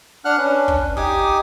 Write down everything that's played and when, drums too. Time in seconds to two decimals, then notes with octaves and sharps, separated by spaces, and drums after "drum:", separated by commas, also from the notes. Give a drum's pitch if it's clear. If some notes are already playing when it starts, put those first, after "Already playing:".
0.25 D4 F#5 F6 F#6
0.38 C#4 D4 B4
0.68 drum: kick
0.97 D#4 G4 G#5 D6 D#6, drum: kick